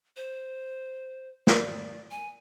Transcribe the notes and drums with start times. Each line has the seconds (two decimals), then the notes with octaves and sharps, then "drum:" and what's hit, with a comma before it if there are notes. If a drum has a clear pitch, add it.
0.16 C5
1.47 D5, drum: snare
2.11 G#5